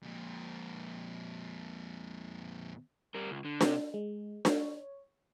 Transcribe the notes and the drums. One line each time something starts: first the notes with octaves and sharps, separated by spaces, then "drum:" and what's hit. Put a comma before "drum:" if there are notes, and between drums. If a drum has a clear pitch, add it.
F2 A#2
G3 A#4
C#2
D3
C3, drum: snare D4
G#3
C#5, drum: snare D4